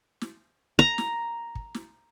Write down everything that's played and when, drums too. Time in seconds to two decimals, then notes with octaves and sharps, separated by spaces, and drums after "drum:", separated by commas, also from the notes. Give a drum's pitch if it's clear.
0.21 drum: snare
0.79 A#5, drum: kick
0.98 drum: snare
1.55 drum: kick
1.74 drum: snare